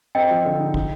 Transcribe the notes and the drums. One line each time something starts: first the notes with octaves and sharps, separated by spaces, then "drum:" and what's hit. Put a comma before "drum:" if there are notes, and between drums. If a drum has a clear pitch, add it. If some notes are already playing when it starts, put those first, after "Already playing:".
C4 D#5 G5
F3
D3
D#4
D#4, drum: kick